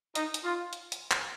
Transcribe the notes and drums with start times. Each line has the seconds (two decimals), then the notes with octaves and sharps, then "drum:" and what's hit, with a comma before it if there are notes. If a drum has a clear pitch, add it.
0.15 D#4, drum: hi-hat
0.34 drum: hi-hat
0.44 F4
0.73 drum: hi-hat
0.92 drum: hi-hat
1.11 drum: clap